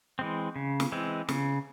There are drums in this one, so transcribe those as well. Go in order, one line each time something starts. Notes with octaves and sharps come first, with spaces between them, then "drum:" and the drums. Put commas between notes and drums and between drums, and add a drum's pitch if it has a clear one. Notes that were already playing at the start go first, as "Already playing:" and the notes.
E3 G#3 C4
C#3
drum: snare
E3 G#3 C4
C#3, drum: snare